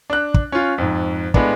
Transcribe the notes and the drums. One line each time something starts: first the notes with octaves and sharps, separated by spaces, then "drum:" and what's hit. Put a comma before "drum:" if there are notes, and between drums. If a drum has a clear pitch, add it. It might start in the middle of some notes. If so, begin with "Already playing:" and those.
D4 F#6
drum: kick
C#4 F4
F2 G#2
A2 G#3 B3 D4, drum: kick